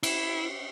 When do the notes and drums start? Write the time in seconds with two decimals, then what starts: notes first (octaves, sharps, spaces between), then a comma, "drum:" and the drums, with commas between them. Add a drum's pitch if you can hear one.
0.03 E4, drum: cymbal